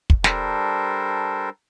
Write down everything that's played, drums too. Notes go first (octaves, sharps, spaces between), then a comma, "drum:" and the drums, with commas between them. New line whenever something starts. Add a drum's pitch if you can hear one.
drum: kick
G3 D4 A4 A#4 C5, drum: snare